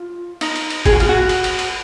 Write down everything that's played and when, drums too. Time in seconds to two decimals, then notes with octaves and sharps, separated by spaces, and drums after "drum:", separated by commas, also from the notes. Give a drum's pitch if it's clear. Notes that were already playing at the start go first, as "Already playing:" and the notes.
Already playing: F4
0.41 D#4, drum: cymbal
0.56 drum: cymbal
0.70 drum: cymbal
0.86 G#4, drum: kick, cymbal
0.92 F#4
1.00 F4, drum: cymbal
1.09 F#4
1.29 drum: cymbal
1.44 drum: cymbal
1.59 drum: cymbal